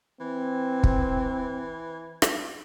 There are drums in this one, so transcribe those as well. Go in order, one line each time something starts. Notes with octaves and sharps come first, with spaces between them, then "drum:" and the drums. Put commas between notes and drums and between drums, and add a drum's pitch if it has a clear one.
E3 C4
drum: kick
drum: rim click